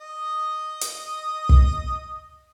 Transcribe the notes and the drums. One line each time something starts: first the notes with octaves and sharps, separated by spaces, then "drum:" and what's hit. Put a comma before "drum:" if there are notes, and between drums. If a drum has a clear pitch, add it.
D#5 D#6
drum: hi-hat
drum: kick